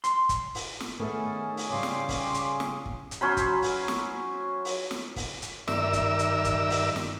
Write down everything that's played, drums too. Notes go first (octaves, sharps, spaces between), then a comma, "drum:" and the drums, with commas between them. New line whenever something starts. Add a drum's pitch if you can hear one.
C6, drum: hi-hat
drum: kick, hi-hat
drum: open hi-hat
drum: snare
D#3 A3 B3 C#4 G#4 A4
drum: open hi-hat
C#3 G3 F5 G5 C6 D6
drum: snare
drum: kick, open hi-hat
drum: hi-hat
drum: snare
drum: kick
drum: hi-hat
F#3 C#4 C5 B5
drum: kick, hi-hat
drum: open hi-hat
drum: snare
drum: open hi-hat
drum: snare
drum: kick, open hi-hat
drum: hi-hat
G2 D#3 A#4 D5 E5 E6, drum: snare
drum: kick, hi-hat
drum: hi-hat
drum: kick, hi-hat
drum: open hi-hat
drum: snare